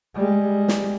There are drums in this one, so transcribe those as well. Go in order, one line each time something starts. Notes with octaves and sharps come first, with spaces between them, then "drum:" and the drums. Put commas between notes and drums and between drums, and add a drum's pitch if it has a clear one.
G3 G#3
drum: snare